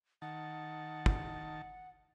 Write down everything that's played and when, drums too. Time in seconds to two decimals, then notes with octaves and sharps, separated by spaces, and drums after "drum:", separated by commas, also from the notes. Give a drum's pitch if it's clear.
0.22 D#3 F#5 A5
1.06 drum: kick